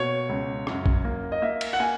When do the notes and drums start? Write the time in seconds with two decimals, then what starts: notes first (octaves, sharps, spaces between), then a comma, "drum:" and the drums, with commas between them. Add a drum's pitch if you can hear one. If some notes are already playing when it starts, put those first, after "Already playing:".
Already playing: B2 A#3 C#5
0.29 C#2
0.67 F#2, drum: rim click
0.86 drum: kick A#1
1.04 A#3
1.32 D#5
1.42 A#3 E5
1.61 drum: cymbal
1.73 F#5
1.80 A#3 G#5